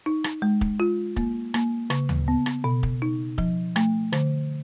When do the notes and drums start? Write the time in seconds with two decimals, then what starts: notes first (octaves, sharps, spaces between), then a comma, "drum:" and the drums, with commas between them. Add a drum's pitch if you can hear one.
0.06 D#4
0.24 drum: rim click
0.42 G#3
0.61 drum: kick
0.80 F4
1.17 A#3, drum: kick
1.54 A#3, drum: rim click
1.90 C#3, drum: rim click
2.09 drum: tom D2
2.28 B3
2.46 drum: rim click
2.64 B2
2.83 drum: kick
3.02 D#4
3.38 F3, drum: kick
3.76 A3, drum: rim click
4.13 D3, drum: rim click